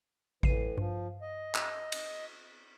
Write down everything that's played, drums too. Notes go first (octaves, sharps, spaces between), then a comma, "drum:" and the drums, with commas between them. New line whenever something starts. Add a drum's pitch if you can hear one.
A2 E3 C7 D#7, drum: kick A1
G2 F3
D#5
drum: clap
drum: cymbal